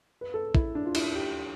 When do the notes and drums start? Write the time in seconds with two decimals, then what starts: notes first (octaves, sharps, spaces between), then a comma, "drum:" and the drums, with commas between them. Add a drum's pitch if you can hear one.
0.21 B4
0.34 A4
0.55 E4, drum: kick
0.75 D4
0.86 F4
0.95 E4, drum: cymbal
1.15 G4